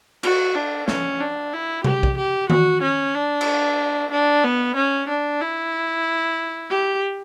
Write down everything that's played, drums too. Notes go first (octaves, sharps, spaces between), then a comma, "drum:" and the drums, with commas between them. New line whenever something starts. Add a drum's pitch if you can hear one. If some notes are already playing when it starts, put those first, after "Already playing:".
F#4, drum: cymbal
D4
C#4, drum: snare
D4
E4
G4, drum: tom C3
drum: kick
G4
F#4, drum: tom D#3
C#4
D4
drum: cymbal
D4
B3
C#4
D4
E4
G4